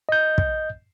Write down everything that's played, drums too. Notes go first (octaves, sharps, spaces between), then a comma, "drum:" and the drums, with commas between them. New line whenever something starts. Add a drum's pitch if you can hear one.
D#5 G6
drum: kick